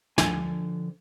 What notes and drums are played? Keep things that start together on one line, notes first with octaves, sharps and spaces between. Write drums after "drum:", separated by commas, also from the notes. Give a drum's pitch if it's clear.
D3 F3 D4 G#5, drum: snare